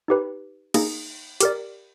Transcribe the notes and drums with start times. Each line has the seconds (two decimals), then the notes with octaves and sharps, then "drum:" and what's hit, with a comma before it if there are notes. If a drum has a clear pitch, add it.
0.08 D#4 G4 B4
0.74 A#3 D#4 G#4, drum: cymbal
1.40 G4 A#4 D5, drum: hi-hat